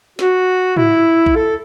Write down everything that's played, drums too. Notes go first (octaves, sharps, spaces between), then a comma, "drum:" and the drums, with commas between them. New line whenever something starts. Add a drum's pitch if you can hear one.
F#4, drum: snare
E4, drum: tom
drum: kick A#1
A4